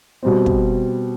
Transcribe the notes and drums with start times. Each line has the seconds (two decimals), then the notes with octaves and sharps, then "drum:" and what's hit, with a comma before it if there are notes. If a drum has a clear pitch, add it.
0.23 B2 G3 C4
0.46 drum: kick